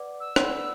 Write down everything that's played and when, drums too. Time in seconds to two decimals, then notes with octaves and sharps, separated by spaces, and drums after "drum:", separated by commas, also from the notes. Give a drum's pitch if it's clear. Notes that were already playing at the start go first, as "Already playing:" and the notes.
Already playing: B4 D5 F#5 D6
0.20 E6
0.36 D4 B4 D5 F#5 B5, drum: rim click